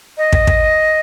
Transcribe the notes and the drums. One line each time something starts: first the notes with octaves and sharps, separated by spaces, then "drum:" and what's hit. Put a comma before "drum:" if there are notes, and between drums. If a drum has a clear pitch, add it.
D#5
drum: kick
drum: kick